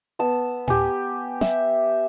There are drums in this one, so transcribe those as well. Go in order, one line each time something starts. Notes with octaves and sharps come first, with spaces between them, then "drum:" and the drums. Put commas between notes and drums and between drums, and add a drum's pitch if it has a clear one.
B3 A5 E6
G4 G#5, drum: tom A2
E5, drum: snare